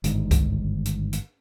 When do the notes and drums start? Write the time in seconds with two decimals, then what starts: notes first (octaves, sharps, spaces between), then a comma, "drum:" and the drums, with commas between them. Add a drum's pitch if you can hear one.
0.04 G1 G#2 D#3, drum: hi-hat
0.31 drum: kick C2, hi-hat
0.85 drum: hi-hat
1.13 drum: hi-hat